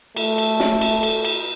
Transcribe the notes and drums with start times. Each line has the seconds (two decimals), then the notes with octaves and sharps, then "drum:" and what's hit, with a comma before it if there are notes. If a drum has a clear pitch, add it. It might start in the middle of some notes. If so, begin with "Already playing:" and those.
0.17 A3, drum: cymbal
0.38 drum: cymbal
0.60 drum: snare
0.81 drum: cymbal
1.03 drum: cymbal
1.25 drum: cymbal